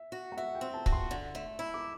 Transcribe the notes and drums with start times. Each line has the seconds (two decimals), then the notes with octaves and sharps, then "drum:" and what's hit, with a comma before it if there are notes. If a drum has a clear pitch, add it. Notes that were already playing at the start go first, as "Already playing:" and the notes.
Already playing: E5
0.12 F#4
0.32 F#5
0.37 F#4 E5
0.55 G5
0.61 C4
0.74 A5
0.86 F#4, drum: kick
0.92 C6
1.11 D3
1.35 A3
1.59 E4
1.74 D6